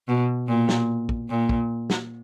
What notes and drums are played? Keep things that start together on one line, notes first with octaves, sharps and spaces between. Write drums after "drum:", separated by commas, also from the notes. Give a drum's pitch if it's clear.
B2
A#2
drum: snare
drum: kick
A#2
drum: kick
drum: snare